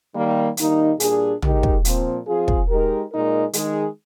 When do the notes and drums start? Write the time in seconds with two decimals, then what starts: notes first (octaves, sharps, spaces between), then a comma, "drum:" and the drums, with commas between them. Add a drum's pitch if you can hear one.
0.15 D#3 G3 A#3
0.57 D#3 G3 A#3 D#4, drum: hi-hat
1.00 A#2 G3 D4 G#4, drum: hi-hat
1.42 G#3 D#4 G4 A#4, drum: tom
1.63 drum: kick
1.85 A#2 F3 C4, drum: hi-hat
2.27 F3 C4 F4 G#4
2.48 drum: kick
2.69 G#3 D#4 G4 A#4
3.11 A#2 G#3 D#4 A#4
3.53 D#3 G#3 D#4 G#4, drum: hi-hat